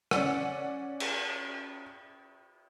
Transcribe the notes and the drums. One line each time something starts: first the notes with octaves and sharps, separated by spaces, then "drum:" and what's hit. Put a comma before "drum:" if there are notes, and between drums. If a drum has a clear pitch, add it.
C#4 D5 F#5, drum: rim click
drum: cymbal